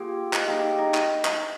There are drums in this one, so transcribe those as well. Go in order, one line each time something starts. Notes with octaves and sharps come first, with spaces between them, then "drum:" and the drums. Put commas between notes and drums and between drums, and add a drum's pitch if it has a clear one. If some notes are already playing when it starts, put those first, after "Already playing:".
Already playing: A#3 F4 G4 G#4 G5
D#5, drum: clap
F5
A#3 D#4 G4 G#4 G5
G4 G5
D#4 D#5
drum: clap
drum: clap